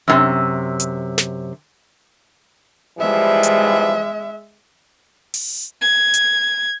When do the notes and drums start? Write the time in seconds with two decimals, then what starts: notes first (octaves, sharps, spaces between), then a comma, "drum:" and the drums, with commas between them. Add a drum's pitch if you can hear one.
0.08 F#2 A2 C3
0.80 drum: hi-hat
1.18 drum: snare
2.99 E3 F3 G3 G#3 E5
3.43 drum: hi-hat
5.34 drum: open hi-hat
5.81 G#6
6.14 drum: hi-hat